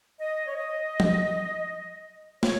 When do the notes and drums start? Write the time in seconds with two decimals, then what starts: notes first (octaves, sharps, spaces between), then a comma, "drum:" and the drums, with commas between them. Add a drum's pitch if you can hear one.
0.18 D#5
0.47 C#5
0.56 D#5
1.00 drum: tom F3
2.43 C#5, drum: snare